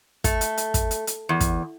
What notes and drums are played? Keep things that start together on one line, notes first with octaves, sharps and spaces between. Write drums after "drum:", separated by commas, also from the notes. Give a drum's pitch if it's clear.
A3, drum: kick, hi-hat
drum: hi-hat
drum: hi-hat
drum: kick, hi-hat
drum: hi-hat
drum: hi-hat
E2
drum: kick, hi-hat